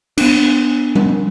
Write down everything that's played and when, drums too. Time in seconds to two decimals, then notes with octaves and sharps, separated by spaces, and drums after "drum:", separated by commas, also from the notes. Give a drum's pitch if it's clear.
0.18 B3 D4, drum: cymbal
0.95 drum: tom G3